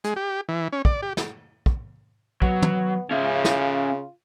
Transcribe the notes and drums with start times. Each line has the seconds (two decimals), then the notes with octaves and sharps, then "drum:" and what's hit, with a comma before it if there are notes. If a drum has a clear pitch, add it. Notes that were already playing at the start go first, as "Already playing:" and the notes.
0.04 G#3, drum: hi-hat
0.16 G4
0.49 E3
0.72 C#4
0.85 D5, drum: kick
1.02 G4
1.17 drum: snare
1.66 drum: kick
2.42 F#3 B3, drum: kick
2.62 drum: tom
3.11 C#3 C#4 F4 E5
3.45 drum: snare